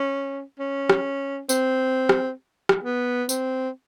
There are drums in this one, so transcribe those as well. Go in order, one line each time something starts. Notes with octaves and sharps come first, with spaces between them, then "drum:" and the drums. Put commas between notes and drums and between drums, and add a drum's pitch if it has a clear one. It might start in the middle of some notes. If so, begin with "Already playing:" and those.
Already playing: C#4
C#4
drum: rim click
C4, drum: tambourine
drum: rim click
drum: rim click
B3
C4, drum: tambourine